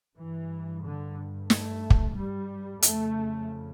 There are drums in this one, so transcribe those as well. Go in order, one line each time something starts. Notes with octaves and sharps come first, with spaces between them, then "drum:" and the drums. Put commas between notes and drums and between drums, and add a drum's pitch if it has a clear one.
G2 E3
D3
A3, drum: snare
drum: kick
G3
F2 C#3 A3, drum: hi-hat